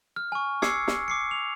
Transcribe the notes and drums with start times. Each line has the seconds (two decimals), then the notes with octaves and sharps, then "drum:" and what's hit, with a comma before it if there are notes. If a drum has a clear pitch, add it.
0.16 F6
0.32 G#5 C#6
0.62 D6 E6 G#6 C7 C#7, drum: snare
0.88 drum: snare
1.08 D6 C7 C#7
1.31 F7